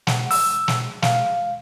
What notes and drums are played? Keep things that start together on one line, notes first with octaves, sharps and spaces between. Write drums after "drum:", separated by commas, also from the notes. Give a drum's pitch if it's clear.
F#5, drum: snare
E6, drum: open hi-hat
drum: snare
F5, drum: snare